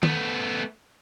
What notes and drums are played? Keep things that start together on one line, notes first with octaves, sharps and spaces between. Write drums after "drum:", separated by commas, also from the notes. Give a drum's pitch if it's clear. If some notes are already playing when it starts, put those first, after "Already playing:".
A3 B3, drum: tom D#3